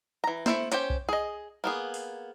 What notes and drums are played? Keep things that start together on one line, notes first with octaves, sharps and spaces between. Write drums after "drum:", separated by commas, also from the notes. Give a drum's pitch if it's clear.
E3 A#5
A3 E4 C5, drum: snare
C#4 G4 C5 G5, drum: hi-hat
drum: kick B1
G#4 D#5
A#3 B3 G#4
drum: open hi-hat